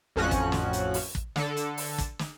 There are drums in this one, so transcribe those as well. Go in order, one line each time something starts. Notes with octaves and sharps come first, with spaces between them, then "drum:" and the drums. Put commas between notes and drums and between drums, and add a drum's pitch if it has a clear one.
A1 F2 F3 C#4 F#4 F#6
drum: kick, hi-hat
drum: snare
drum: hi-hat
drum: open hi-hat
drum: kick
D3 A4, drum: snare
drum: hi-hat
drum: open hi-hat
drum: kick, hi-hat
drum: snare